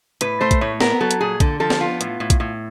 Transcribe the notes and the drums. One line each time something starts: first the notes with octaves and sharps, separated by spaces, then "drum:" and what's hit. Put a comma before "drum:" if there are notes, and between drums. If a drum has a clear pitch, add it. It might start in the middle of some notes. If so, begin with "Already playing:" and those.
A2 B4, drum: hi-hat
A3 C5
drum: kick A#1, hi-hat
A2 C#5
B3 A#4, drum: snare
F#3 A4
drum: hi-hat
A#2 G#4
D3 A4, drum: kick A#1, hi-hat
F3 A4
drum: snare
B3 F4
A2, drum: hi-hat
A2
drum: kick A#1, hi-hat
A2